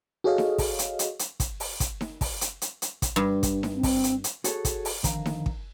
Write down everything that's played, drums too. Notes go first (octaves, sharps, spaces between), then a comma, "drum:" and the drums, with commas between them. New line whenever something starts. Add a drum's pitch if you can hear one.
F#4 G#4 A4 C#5 D#5 F5
drum: snare D#4
drum: kick, open hi-hat
drum: hi-hat
drum: hi-hat
drum: hi-hat
drum: kick, hi-hat
drum: open hi-hat
drum: kick, hi-hat
drum: snare D#4
drum: kick, open hi-hat
drum: hi-hat
drum: hi-hat
drum: hi-hat
drum: kick, hi-hat
G2
drum: kick, hi-hat
drum: snare D#4
C4
drum: kick, open hi-hat
drum: hi-hat
drum: hi-hat
F#4 G#4 A4 C#5, drum: hi-hat
drum: kick, hi-hat
drum: open hi-hat
F2 D3 D#3 F5 A#5, drum: kick, hi-hat
drum: snare D#4
drum: kick